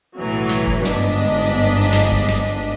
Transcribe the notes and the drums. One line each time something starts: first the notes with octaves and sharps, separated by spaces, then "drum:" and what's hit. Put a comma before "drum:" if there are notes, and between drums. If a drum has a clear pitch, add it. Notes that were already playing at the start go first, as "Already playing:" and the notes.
B1 A2 E3 F#3
drum: snare
drum: kick F#1
G1 G#2 B3 D4 D#5 B6, drum: snare
drum: snare
drum: kick F#1
drum: snare